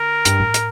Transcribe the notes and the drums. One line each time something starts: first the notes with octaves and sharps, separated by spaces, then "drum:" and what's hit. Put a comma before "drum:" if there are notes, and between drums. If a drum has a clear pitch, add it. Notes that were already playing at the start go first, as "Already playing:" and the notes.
Already playing: D3 A#4
G2, drum: hi-hat
A2
drum: hi-hat